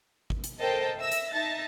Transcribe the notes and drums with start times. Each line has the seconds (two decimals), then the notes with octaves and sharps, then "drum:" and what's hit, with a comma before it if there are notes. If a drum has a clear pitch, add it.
0.30 drum: kick
0.44 drum: hi-hat
0.60 A4 A#4 C5 D#5 G5 A5
0.99 E5 E6 A#6
1.12 drum: hi-hat
1.33 D#4 E5 A5 A6 A#6